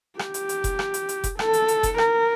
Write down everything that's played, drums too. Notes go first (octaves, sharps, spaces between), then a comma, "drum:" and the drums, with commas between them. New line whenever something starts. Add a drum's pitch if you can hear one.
G4, drum: rim click
drum: hi-hat
drum: hi-hat
drum: kick F1, hi-hat
drum: rim click
drum: hi-hat
drum: hi-hat
drum: kick F1, hi-hat
A4, drum: rim click
drum: hi-hat
drum: hi-hat
drum: kick F1, hi-hat
A#4, drum: rim click